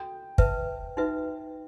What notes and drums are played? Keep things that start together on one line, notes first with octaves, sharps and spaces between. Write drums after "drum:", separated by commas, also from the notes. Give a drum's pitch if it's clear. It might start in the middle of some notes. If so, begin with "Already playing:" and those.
Already playing: F#4 A4 G5
B4 E5 A5, drum: kick
D#4 F#4 B4 E5